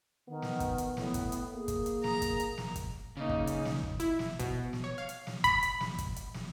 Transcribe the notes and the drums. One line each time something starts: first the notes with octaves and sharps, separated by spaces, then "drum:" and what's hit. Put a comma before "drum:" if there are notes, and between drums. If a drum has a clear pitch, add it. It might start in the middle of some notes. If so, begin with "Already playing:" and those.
D#3 B3
drum: snare
drum: kick, hi-hat
drum: hi-hat
A2 B3, drum: snare
drum: kick, hi-hat
drum: hi-hat
A#3 G#4
drum: kick, hi-hat
drum: hi-hat
A#5, drum: snare
drum: kick, hi-hat
drum: hi-hat
drum: snare
drum: kick, hi-hat
C#3 A#3 D#4
drum: kick
drum: hi-hat
drum: snare
drum: kick
E4, drum: hi-hat
drum: snare
B2, drum: kick, hi-hat
drum: snare
C#5
F5
drum: hi-hat
drum: snare
B5, drum: kick, hi-hat
drum: hi-hat
drum: snare
drum: kick, hi-hat
drum: hi-hat
drum: snare